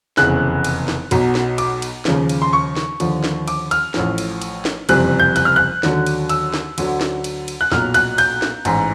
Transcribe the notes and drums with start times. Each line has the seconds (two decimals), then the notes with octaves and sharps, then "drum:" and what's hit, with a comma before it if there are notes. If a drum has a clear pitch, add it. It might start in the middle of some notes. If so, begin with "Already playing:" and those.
0.17 F1 E2 C#3 E3 F#6, drum: snare
0.64 drum: cymbal
0.88 drum: snare
1.11 B1 B2 F#3, drum: cymbal
1.35 drum: snare
1.58 D6, drum: cymbal
1.82 drum: cymbal
2.05 D#2 C#3 F3, drum: snare
2.29 drum: cymbal
2.42 C6
2.53 C#6
2.77 drum: snare
3.00 D#2 D3 F3, drum: cymbal
3.24 drum: snare
3.48 D6, drum: cymbal
3.71 F6, drum: cymbal
3.94 A1 A2 F3, drum: snare
4.18 drum: cymbal
4.42 drum: cymbal
4.65 drum: snare
4.89 F#1 F2 C3 E3 G3 F#6, drum: cymbal
5.19 G6
5.36 F#6, drum: cymbal
5.45 F6
5.56 F#6
5.83 D#2 D3 F#3, drum: snare
6.06 drum: cymbal
6.29 E6, drum: cymbal
6.54 drum: snare
6.78 D2 D3 F#3, drum: cymbal
7.01 drum: snare
7.24 drum: cymbal
7.48 drum: cymbal
7.61 F#6
7.72 B1 A#2 F#3 F6, drum: snare
7.94 F#6, drum: cymbal
8.18 G6, drum: cymbal
8.42 drum: snare
8.65 A1 G#2 E3, drum: cymbal